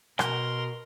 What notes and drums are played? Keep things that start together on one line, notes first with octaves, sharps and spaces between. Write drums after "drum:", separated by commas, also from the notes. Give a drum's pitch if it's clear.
B2 A#4 C6, drum: rim click